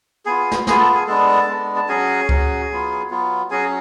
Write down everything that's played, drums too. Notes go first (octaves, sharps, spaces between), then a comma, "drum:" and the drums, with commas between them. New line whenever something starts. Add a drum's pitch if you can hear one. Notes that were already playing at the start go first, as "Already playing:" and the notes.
B3 F4 G#4 G#5
drum: snare
B3 F4 G#4 G#5, drum: snare
A4 A5
G#4 G#5
G#3 B3 D4 A4 A5
G#3 B3 D4
A5
F#3 C#4 F#4 G#4 G#5
F#3 C#4 F#4, drum: kick C#2
F#3 B3 F4
F#3 B3 F4
F#3 C#4 F#4 G#4 G#5